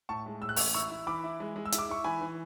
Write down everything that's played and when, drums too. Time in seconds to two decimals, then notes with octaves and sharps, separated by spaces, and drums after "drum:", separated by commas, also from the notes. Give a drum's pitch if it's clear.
0.09 A2 A5 C#6
0.26 G#3
0.42 A2 E6
0.49 F#6
0.56 A1 C#6 E6, drum: open hi-hat
0.74 E4 C#6 E6
0.90 E4
1.07 E3 B5 D6
1.24 E4
1.40 G#3
1.56 G#3
1.66 E6
1.72 E4, drum: hi-hat
1.78 D6
1.89 E4 C#6
2.04 E3 G#5 B5
2.21 E3